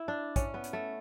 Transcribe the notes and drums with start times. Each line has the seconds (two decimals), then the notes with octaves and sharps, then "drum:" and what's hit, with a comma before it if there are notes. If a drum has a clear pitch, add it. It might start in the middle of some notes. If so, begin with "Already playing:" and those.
Already playing: E4
0.08 D4
0.36 C#4, drum: kick, hi-hat
0.54 B3
0.64 drum: hi-hat
0.73 A3